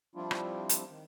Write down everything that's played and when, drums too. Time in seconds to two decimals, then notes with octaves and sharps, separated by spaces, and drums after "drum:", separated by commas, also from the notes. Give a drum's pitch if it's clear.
0.15 F3 G3 C4 D4 E4 F4
0.31 drum: rim click
0.69 drum: hi-hat
0.89 D#3